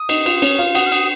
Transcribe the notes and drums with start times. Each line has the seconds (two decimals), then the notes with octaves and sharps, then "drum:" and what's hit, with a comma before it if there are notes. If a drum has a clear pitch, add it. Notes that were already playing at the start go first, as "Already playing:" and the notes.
Already playing: D#6
0.09 D#4, drum: cymbal
0.26 F4, drum: cymbal
0.42 C#4 C#5, drum: cymbal
0.58 F4 F5
0.75 F#4 F#5 D#6, drum: cymbal
0.86 F6
0.92 D#6, drum: cymbal